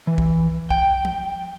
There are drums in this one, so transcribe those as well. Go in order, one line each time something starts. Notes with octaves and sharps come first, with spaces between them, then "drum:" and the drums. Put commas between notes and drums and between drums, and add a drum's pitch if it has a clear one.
E3
drum: kick
G5, drum: kick
drum: tom